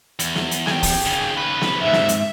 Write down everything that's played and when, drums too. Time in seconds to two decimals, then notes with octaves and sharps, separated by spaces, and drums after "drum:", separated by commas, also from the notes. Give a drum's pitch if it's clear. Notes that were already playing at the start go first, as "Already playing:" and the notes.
0.19 E2, drum: hi-hat
0.36 drum: snare
0.51 drum: hi-hat
0.67 G#4 G5, drum: snare
0.83 drum: kick, open hi-hat
1.06 D#2 C#3
1.37 B4
1.61 drum: snare
1.82 C#2 G#2 E5
1.93 drum: snare
2.09 drum: hi-hat